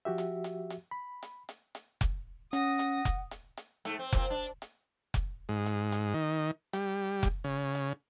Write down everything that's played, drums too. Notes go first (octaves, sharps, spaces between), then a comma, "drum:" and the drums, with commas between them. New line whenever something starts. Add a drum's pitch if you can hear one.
F3 F#4 G4 E5
drum: hi-hat
drum: hi-hat
drum: hi-hat
B5
drum: hi-hat
drum: hi-hat
drum: hi-hat
drum: kick F1, hi-hat
C#4 F#5 D#6 A#6, drum: hi-hat
drum: hi-hat
drum: kick F1, hi-hat
drum: hi-hat
drum: hi-hat
G#2 A3, drum: hi-hat
C4
A#2 C4, drum: kick F1, hi-hat
D4
drum: hi-hat
drum: kick F1, hi-hat
G#2
drum: hi-hat
drum: hi-hat
D#3
G3, drum: hi-hat
drum: kick F1, hi-hat
C#3
drum: hi-hat